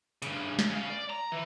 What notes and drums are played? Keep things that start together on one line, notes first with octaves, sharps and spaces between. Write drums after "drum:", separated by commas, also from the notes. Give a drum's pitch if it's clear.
G2 C#3, drum: hi-hat
drum: snare
C#4 F5
D5
A#5
E3